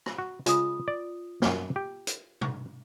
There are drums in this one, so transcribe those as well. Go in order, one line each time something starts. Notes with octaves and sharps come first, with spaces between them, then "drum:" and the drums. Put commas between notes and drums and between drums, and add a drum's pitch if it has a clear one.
drum: rim click
F#4
C#3 G#3 F4 D#6, drum: hi-hat
D5
F#2 D#3 A#3, drum: snare
G4
drum: hi-hat
drum: tom C3